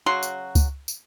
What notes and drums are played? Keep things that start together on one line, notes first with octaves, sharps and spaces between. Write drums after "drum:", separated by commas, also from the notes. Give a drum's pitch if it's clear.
C#3 F#3 F#4 C6
drum: tambourine
drum: kick C#2, tambourine
drum: tambourine